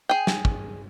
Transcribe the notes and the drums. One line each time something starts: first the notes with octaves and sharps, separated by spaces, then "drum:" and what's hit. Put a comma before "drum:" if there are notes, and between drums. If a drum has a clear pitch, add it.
G#4 G5
drum: snare
drum: kick